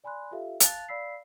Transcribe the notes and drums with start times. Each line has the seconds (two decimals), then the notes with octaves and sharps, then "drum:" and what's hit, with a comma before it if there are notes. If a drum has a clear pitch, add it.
0.04 D5 G#5 B5 C6 F#6
0.31 F4 G4 A4 E5 F5
0.60 F5 A5 F#6 A6 F7, drum: hi-hat
0.88 D5 F5 B5 E6 B6 C7